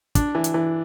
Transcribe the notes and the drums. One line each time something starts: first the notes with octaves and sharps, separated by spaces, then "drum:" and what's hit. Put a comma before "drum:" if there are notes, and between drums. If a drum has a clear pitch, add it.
D4, drum: kick, hi-hat
E3
drum: hi-hat
E3